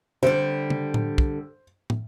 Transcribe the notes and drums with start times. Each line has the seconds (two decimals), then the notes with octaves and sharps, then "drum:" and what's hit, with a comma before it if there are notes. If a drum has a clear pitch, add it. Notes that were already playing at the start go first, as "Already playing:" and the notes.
0.23 D3 G3 C5
0.70 drum: tom C#3
0.94 drum: tom A2
1.18 drum: kick
1.90 drum: tom